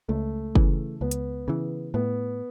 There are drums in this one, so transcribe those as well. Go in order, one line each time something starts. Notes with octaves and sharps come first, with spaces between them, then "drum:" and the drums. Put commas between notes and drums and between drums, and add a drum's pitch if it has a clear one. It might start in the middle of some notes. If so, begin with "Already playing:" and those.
C#2 A3
C#3 E3, drum: kick F#1
C#2 B3
drum: hi-hat
C#3 E3
A2 B3